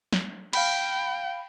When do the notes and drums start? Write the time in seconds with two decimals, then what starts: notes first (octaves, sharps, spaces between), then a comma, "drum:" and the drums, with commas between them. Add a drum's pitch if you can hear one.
0.13 drum: snare
0.53 F5 G5 B5, drum: cymbal